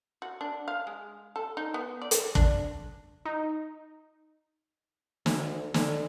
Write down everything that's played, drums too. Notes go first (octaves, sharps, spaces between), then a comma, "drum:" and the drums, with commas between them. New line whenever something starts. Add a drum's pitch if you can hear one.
F#4
D4
F5
G#3
A4
D#4
B3
D5
drum: hi-hat
D4, drum: kick
D#4
D2, drum: snare
D3, drum: snare